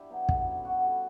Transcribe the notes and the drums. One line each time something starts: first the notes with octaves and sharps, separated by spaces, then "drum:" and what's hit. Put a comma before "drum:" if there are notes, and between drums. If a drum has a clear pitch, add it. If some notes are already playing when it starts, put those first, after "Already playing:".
Already playing: D4 E4 G4
F#3 B3
D3, drum: kick
G3 C#4
D3 F#4
G3 C#4